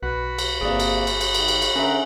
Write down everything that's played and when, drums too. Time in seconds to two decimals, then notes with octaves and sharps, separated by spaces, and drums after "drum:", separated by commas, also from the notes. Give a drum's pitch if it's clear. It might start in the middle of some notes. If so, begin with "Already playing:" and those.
0.03 B1 F#4 B4 F#5 B5
0.39 drum: cymbal
0.61 G1 C3 A#3 G#4 D5
0.80 drum: cymbal
1.07 drum: cymbal
1.21 drum: cymbal
1.34 D#3, drum: cymbal
1.48 drum: cymbal
1.62 drum: cymbal
1.76 D3 C#4 A#4 E5